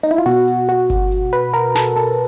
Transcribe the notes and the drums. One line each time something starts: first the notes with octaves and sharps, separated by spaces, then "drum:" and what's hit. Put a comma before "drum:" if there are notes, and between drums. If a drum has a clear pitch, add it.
D#4
E4
F4
B2 F#4, drum: open hi-hat
drum: hi-hat
F#4, drum: hi-hat
drum: kick G1, hi-hat
drum: hi-hat
B4, drum: hi-hat
A#4, drum: hi-hat
A4, drum: snare
A4, drum: open hi-hat